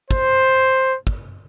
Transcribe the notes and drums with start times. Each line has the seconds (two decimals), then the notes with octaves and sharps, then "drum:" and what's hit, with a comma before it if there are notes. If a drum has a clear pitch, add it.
0.11 C5, drum: kick
1.07 drum: kick